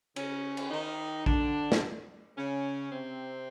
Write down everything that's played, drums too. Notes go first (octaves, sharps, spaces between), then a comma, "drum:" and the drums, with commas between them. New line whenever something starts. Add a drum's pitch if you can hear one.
C#3 C#4, drum: cymbal
drum: cymbal
D#3 D#4
D3 D4, drum: kick A#1
drum: snare
C#3 C#4
C3 C4